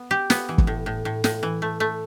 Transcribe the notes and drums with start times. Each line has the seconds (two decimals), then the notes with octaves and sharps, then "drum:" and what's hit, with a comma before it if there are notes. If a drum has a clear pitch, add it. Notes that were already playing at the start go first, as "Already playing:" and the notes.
Already playing: B3
0.11 G4
0.30 B3, drum: snare
0.49 E3
0.58 drum: kick G1
0.67 A2
0.86 A2
1.05 A2
1.24 A2, drum: snare
1.43 E3
1.62 A3
1.80 A3